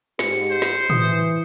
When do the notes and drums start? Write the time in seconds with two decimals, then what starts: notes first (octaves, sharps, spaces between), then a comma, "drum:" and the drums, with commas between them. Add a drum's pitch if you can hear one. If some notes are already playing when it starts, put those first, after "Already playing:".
0.19 G#2 G4 C#7, drum: snare
0.51 C5
0.62 drum: snare
0.90 E3 D#6, drum: tom A2